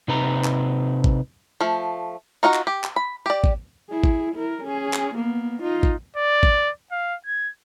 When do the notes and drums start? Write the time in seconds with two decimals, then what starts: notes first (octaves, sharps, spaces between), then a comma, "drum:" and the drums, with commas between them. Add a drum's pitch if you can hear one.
0.08 C3 D#4 B4 A#5
0.44 drum: clap
1.04 drum: kick G#1
1.61 F3 A3
2.43 D#4 F4 F#4 A#5
2.54 drum: clap
2.67 G4
2.84 drum: clap
2.96 B5
3.26 G4 D5
3.44 drum: kick G#1
3.90 E4 G#4
4.04 drum: kick G#1
4.35 E4 A#4
4.63 C#4 G#4
4.93 drum: clap
5.15 A#3 B3
5.61 D#4 F4
5.83 drum: kick G#1
6.17 D5
6.43 drum: kick G#1
6.92 F5
7.27 G#6